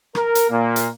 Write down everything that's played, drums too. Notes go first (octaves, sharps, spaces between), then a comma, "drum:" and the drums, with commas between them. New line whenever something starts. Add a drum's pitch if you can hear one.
A#4, drum: rim click
drum: hi-hat
A#2 A#3
drum: hi-hat